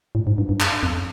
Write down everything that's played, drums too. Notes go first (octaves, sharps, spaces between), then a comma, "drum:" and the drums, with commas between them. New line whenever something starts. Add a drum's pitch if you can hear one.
A2
G#2
G2
G2
drum: clap
F2